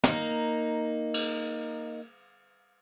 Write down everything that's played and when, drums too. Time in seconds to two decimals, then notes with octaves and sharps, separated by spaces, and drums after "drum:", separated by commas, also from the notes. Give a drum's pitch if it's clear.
0.04 A#3 D#4, drum: snare
1.14 drum: cymbal